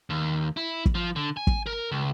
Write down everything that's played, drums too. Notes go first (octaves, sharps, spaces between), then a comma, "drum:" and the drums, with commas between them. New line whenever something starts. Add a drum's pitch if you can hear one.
D#2
E4
drum: kick
F3
D3
G#5
drum: kick
A#4
C#2